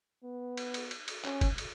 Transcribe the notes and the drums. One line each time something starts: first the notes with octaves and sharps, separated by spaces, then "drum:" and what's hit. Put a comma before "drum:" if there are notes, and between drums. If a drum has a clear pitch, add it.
B3
drum: cymbal
drum: cymbal
drum: cymbal
drum: cymbal
C#4, drum: clap
drum: kick G1, cymbal
drum: cymbal